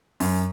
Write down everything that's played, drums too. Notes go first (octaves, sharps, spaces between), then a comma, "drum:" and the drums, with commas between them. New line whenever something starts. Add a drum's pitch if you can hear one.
F#2, drum: open hi-hat